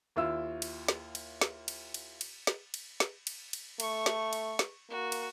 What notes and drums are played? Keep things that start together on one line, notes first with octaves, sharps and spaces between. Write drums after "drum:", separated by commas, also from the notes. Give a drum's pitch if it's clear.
D#2 E4 F4 E6
drum: cymbal
drum: snare
drum: cymbal
drum: snare
drum: cymbal
drum: cymbal
drum: cymbal
drum: snare
drum: cymbal
drum: snare
drum: cymbal
drum: cymbal
A3 C#6, drum: cymbal
drum: snare
drum: cymbal
drum: snare
A#3 F#4
drum: cymbal